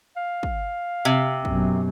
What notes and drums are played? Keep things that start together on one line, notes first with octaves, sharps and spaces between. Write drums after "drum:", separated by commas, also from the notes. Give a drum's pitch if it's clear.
F5
drum: kick
C3
F#2 B2, drum: kick